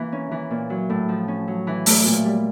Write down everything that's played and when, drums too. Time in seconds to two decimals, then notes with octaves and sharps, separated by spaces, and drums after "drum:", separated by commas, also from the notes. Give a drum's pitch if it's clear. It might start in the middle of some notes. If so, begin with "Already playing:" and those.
Already playing: E3 A#3
0.12 C#4
0.31 E3
0.51 A#2
0.70 F#3
0.90 A2
1.09 F3
1.28 C#4
1.48 F#3
1.67 E3
1.86 A3, drum: open hi-hat
2.05 A#2
2.25 G3